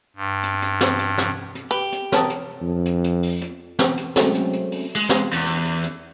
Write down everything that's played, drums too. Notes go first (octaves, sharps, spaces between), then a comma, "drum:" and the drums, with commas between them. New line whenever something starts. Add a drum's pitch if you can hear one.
G2
drum: hi-hat
drum: hi-hat
drum: snare
drum: hi-hat
drum: snare
drum: hi-hat
G4 B4
drum: hi-hat
A#4 C#5 A5 D#6, drum: snare
drum: hi-hat
F2
drum: hi-hat
drum: hi-hat
drum: open hi-hat
drum: hi-hat
drum: snare
drum: hi-hat
F#3 G#3 A3 C4 C#4, drum: snare
drum: hi-hat
drum: hi-hat
drum: open hi-hat
G#3
drum: snare
E2
drum: hi-hat
drum: hi-hat
drum: hi-hat